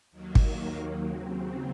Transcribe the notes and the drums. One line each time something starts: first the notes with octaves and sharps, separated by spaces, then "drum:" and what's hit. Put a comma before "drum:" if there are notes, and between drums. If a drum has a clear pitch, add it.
D#2 D#3 F#3 A#3
drum: kick G#1
D#2 C#3 F#3 C4